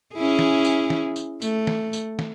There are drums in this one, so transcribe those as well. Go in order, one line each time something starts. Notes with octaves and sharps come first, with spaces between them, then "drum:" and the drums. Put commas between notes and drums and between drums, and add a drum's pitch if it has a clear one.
C#4 E4 G#4
drum: snare
drum: tambourine
drum: snare
drum: tambourine
A3, drum: tambourine
drum: snare
drum: tambourine
drum: snare